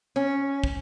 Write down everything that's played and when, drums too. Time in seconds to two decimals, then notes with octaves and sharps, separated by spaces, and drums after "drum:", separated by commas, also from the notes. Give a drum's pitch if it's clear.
0.16 C#4
0.64 drum: kick